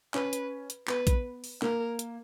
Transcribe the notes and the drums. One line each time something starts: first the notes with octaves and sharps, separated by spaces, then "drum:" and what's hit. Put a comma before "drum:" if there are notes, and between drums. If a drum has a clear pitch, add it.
C#4 B4, drum: clap
drum: hi-hat
drum: hi-hat
B3 B4, drum: clap
drum: kick, hi-hat
drum: open hi-hat
A#3 A#4, drum: clap
drum: hi-hat